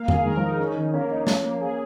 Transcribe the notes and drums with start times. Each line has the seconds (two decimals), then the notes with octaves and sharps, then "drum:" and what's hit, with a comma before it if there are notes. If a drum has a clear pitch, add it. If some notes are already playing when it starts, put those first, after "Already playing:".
Already playing: A#3 F5
0.08 G#4, drum: tom F#2
0.25 D#3 A#4
0.37 F3
0.42 D#4
0.48 G#3
0.59 C#4
0.76 D#3
0.93 A#3 C#4
1.10 D#4
1.27 F3 C#4, drum: snare
1.44 A#3
1.60 G#4